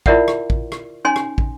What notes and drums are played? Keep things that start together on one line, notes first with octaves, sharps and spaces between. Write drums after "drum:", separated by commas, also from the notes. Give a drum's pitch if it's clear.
E4 F4 A#4 D5 E5 F#5, drum: kick
drum: rim click
drum: kick
drum: rim click
C#4 D#4 C#5 G#5 C6
drum: rim click
drum: kick